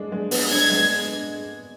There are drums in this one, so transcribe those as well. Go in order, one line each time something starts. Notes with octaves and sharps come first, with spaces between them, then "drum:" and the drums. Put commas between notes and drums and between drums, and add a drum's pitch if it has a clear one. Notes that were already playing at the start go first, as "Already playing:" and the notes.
Already playing: G#3 D4
G#3
B3, drum: open hi-hat
D4 G#6
G#3